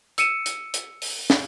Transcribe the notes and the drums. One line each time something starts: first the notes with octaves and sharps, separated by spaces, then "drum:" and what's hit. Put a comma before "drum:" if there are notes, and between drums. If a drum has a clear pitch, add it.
E6 C#7 D#7 E7, drum: hi-hat
drum: hi-hat
drum: hi-hat
drum: open hi-hat
drum: snare